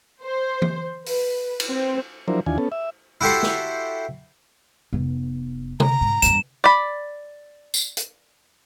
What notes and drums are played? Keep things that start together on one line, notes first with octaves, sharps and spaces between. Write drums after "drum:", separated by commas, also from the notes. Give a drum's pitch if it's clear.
C5
drum: tom E3
B4, drum: open hi-hat
drum: cymbal
C4
F3 F#3 D4 E4 A#4 C5
D#2 E3 D4 F4 G#5
B3 C#4 A4
E5
E4 F#4 G4 A4 C5
drum: snare
F1 B3
A#5, drum: tom C3
G#2
E2 G2 E7, drum: hi-hat
D5 B5
drum: tambourine
drum: hi-hat